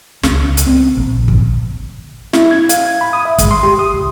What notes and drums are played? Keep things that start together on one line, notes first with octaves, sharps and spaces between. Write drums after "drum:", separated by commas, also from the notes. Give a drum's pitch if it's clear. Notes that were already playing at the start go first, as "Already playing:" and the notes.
C#2, drum: snare
drum: hi-hat
C4
A#1
drum: kick
E4, drum: snare
G#6
F5, drum: hi-hat
G#6
B5
D#6
E5
G#3, drum: kick, hi-hat
C6
G4
D#6
C#2